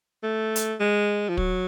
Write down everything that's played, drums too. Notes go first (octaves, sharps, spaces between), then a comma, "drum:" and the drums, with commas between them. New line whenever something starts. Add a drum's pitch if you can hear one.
A3
drum: hi-hat
G#3
F3
F#3, drum: kick